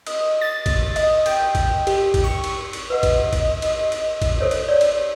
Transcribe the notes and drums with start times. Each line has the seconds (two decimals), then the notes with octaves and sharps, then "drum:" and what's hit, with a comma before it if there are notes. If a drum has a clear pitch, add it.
0.07 D#5, drum: cymbal
0.41 A6
0.66 drum: kick A1, cymbal
0.96 D#5, drum: cymbal
1.26 G5, drum: cymbal
1.55 drum: kick A1, cymbal
1.87 G4, drum: cymbal
2.14 drum: kick A1, cymbal
2.24 C#6
2.44 drum: cymbal
2.73 drum: cymbal
2.90 B4 D#5 F#5
3.03 drum: kick A1, cymbal
3.33 drum: kick A1, cymbal
3.62 drum: cymbal
3.92 drum: cymbal
4.22 drum: kick A1, cymbal
4.40 A4 C5 C#5
4.51 drum: cymbal
4.69 C#5 D5
4.81 drum: cymbal